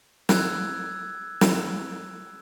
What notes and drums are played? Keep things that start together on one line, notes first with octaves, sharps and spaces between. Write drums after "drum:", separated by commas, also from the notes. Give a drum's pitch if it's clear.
E6 F#6 G#6, drum: snare
drum: snare